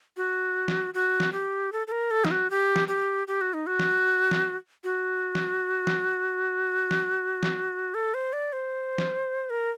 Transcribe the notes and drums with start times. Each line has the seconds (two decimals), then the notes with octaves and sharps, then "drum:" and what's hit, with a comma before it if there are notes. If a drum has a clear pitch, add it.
0.17 F#4
0.68 drum: snare
0.94 F#4
1.20 drum: snare
1.32 G4
1.72 A4
1.87 A4
1.92 A#4
2.11 A4
2.25 D#4, drum: snare
2.31 F#4
2.50 G4
2.76 drum: snare
2.88 G4
3.28 G4
3.41 F#4
3.54 D#4
3.67 F#4
3.79 drum: snare
4.31 drum: snare
4.84 F#4
5.35 drum: snare
5.87 drum: snare
6.91 drum: snare
7.43 drum: snare
7.94 A4
8.14 C5
8.33 D5
8.53 C5
8.98 drum: snare
9.50 A#4